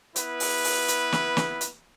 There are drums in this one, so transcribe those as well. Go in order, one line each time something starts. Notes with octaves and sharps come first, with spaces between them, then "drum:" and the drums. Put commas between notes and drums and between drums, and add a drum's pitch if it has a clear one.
B3 E4 B4, drum: hi-hat
drum: open hi-hat
drum: open hi-hat
drum: hi-hat
drum: snare
drum: snare
drum: hi-hat